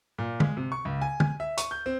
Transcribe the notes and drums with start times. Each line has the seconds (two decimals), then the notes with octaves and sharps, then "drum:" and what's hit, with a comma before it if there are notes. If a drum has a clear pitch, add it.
0.18 A#2
0.40 G#3, drum: tom
0.57 C3
0.72 C#6
0.85 C#2
1.01 G#5
1.20 G#5, drum: tom
1.40 E5
1.58 C#6, drum: hi-hat
1.71 G6
1.86 C4